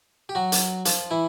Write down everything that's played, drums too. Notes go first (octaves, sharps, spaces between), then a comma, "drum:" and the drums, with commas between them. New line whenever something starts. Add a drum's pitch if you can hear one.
G4
F#3 F#4
drum: hi-hat
F3 F4, drum: hi-hat
E3 E4